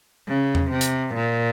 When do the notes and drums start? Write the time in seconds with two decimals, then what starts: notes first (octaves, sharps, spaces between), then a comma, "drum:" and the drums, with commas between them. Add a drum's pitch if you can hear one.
0.27 C#3
0.55 drum: tom E2
0.70 C3
0.81 drum: hi-hat
1.14 A#2